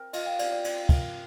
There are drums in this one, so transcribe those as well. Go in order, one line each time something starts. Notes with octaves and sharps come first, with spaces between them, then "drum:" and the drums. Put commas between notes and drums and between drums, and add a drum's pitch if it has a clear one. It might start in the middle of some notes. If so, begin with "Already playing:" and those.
Already playing: C4 A#4
F4 D#5, drum: cymbal
G5
C4 D5, drum: cymbal
D5
C4 D5, drum: cymbal
A#4, drum: kick, cymbal